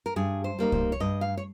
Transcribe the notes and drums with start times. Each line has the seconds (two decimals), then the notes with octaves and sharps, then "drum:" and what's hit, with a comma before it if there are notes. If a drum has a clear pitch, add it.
0.06 A#4
0.16 G2 G#4
0.44 C5
0.59 G3 A#3 D#4
0.72 C5, drum: kick C2
0.92 C#5
1.00 G2 D#5
1.21 F5
1.37 C#5